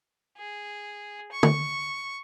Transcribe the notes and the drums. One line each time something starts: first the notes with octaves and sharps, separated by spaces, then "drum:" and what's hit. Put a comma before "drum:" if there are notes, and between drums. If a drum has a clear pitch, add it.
G#4
C#6
drum: tom